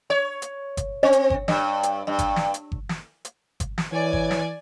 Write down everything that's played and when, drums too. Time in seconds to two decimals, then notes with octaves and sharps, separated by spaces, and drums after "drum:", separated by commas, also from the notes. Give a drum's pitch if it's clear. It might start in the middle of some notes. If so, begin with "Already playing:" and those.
0.10 C#5
0.42 drum: hi-hat
0.77 drum: kick G1, hi-hat
1.03 C4
1.13 drum: hi-hat
1.30 drum: kick G1
1.48 G2, drum: snare
1.83 drum: hi-hat
2.07 G2
2.19 drum: kick G1, hi-hat
2.36 drum: snare
2.54 drum: hi-hat
2.72 drum: kick G1
2.89 drum: snare
3.25 drum: hi-hat
3.60 drum: kick G1, hi-hat
3.78 drum: snare
3.92 E3 C#5 D5 G#5
4.13 drum: kick G1
4.31 drum: snare